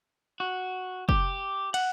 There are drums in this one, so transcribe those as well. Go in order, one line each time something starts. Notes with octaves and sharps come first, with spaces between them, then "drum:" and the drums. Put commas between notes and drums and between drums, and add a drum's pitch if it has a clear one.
F#4
G4, drum: kick
F#5, drum: cymbal